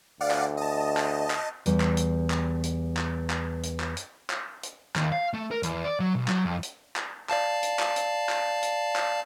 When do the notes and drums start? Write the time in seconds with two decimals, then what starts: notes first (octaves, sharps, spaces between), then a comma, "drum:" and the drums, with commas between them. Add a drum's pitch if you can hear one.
0.21 D2 D5 F5 F#5
0.31 drum: clap
0.57 D#5 A5
0.97 drum: clap
1.30 drum: clap
1.66 E2 G3, drum: hi-hat
1.80 drum: clap
1.97 drum: hi-hat
2.30 drum: clap
2.64 drum: hi-hat
2.97 drum: clap
3.30 drum: clap
3.63 drum: hi-hat
3.80 drum: clap
3.97 drum: hi-hat
4.30 drum: clap
4.63 drum: hi-hat
4.96 D#2, drum: clap
5.12 F5
5.34 A3
5.51 A#4
5.63 E2, drum: hi-hat
5.84 D5
6.00 F#3
6.15 B1
6.28 F#3, drum: clap
6.45 F2
6.63 drum: hi-hat
6.96 drum: clap
7.30 D5 F5 A5, drum: clap
7.63 drum: hi-hat
7.79 drum: clap
7.96 drum: hi-hat
8.29 drum: clap
8.63 drum: hi-hat
8.96 drum: clap